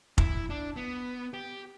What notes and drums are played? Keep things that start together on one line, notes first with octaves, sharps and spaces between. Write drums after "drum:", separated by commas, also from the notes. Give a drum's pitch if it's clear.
E4, drum: kick F1
D4
B3
G4